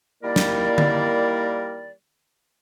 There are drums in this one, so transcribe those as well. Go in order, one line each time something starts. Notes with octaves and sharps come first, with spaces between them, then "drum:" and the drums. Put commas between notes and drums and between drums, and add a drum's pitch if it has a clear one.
D#3 G3 A#3 E4 A#4 D5
drum: snare
drum: tom D3